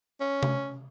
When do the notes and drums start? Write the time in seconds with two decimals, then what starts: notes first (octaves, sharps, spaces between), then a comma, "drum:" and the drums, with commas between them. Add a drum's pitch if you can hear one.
0.20 C#4
0.43 drum: tom C3